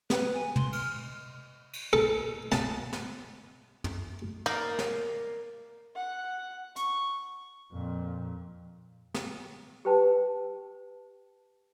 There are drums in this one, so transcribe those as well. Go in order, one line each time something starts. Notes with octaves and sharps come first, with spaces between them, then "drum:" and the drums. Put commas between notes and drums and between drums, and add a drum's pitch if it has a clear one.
B4, drum: snare
G#5
C6, drum: tom
F6, drum: cymbal
drum: cymbal
A4
A5, drum: snare
drum: snare
drum: tom
A#3 D#4 D5 F5
drum: snare
F#5
C#6, drum: hi-hat
F2 A#2
drum: snare
G4 A#4 B4 G5 A5